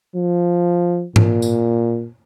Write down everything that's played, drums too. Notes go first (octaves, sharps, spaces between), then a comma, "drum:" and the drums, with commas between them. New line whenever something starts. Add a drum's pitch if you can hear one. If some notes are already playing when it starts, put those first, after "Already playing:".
F3
A#2, drum: tom G#2
drum: tambourine